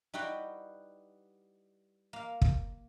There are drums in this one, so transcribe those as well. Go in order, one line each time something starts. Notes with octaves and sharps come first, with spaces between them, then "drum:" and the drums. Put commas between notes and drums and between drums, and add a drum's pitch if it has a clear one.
G3 D#4 E4 F#4 B4 G5
A#3 F5
drum: kick